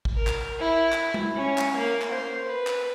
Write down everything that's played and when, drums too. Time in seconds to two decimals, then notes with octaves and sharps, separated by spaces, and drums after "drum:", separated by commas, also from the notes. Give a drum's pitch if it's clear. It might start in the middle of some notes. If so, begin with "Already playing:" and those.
0.05 drum: kick A1
0.15 A#4
0.27 drum: clap
0.59 E4
0.92 drum: clap
1.14 drum: tom G#3
1.36 C#4
1.58 drum: clap
1.77 A#3
2.02 drum: clap
2.11 C5
2.48 B4
2.67 drum: clap